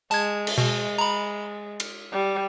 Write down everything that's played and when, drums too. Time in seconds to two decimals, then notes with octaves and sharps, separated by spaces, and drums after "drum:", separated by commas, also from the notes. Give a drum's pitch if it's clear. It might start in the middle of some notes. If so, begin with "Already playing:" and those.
0.11 G#3 A5 G#6, drum: tambourine
0.47 drum: cymbal
0.58 B2 G#3
0.99 A#5 B5
1.80 drum: cymbal
2.12 G3